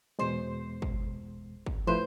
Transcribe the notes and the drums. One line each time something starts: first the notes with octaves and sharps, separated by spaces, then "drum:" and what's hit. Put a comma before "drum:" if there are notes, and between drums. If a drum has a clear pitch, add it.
E2 B2 G#3 C5
drum: kick
drum: kick
A2 F3 A3 E4 B4 C5